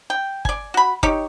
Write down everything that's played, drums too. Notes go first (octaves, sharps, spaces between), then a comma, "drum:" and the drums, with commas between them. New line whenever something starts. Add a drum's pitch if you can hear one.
G5
D5 G#5, drum: kick G1
F#4 B5
D#4 G4 C#5, drum: kick G1